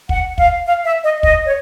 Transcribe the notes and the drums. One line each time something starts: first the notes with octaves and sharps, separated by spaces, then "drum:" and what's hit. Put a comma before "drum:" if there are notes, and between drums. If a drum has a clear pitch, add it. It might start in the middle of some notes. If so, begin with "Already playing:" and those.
F#5, drum: kick
F5, drum: kick
F5
E5
D#5
D#5, drum: kick
C#5